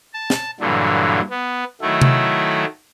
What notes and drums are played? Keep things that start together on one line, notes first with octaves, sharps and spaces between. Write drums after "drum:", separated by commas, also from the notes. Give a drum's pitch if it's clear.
A5
drum: snare
G2 A#2 D3 E3 F#3
B3
D#3 F#3 A3 E4
drum: tom C3